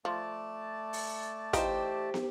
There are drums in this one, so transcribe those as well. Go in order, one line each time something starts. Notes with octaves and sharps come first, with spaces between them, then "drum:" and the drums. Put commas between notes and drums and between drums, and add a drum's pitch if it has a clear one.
F3 A3 D5 A5
drum: open hi-hat
E3 D#4 F4 G4 C5, drum: kick, hi-hat
drum: snare